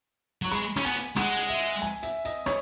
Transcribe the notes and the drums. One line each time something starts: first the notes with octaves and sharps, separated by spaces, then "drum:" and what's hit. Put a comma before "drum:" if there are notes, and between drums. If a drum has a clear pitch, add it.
F#3 C#6
G#3 B5, drum: hi-hat
C#4, drum: rim click
B3 G#5
drum: hi-hat
G#3 F#5, drum: rim click
drum: hi-hat
E5
drum: hi-hat
G#5
E5, drum: hi-hat
D#5, drum: hi-hat
C#5, drum: rim click